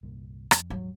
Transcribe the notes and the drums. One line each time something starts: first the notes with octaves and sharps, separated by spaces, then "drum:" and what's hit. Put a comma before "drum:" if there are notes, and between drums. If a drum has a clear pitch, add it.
C2 G2 A#2
F2, drum: rim click
D#1 G#2 F#3